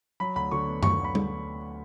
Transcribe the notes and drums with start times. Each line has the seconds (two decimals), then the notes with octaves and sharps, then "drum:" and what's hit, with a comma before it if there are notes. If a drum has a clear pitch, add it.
0.20 F#3 B5
0.36 D2 B5
0.51 D3 C#6
0.67 B3
0.83 F#3 C#6, drum: tom F#2
1.00 D2 B5
1.15 D3, drum: tom G3